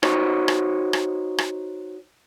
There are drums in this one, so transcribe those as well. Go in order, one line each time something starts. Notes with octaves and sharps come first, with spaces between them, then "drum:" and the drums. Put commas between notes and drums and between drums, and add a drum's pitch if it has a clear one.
D#4 F#4 C5 C#5, drum: rim click
drum: rim click
drum: rim click
drum: rim click